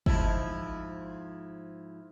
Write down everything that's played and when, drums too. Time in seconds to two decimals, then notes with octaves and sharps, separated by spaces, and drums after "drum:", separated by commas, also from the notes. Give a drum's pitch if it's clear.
0.06 G#2 F3 E4, drum: kick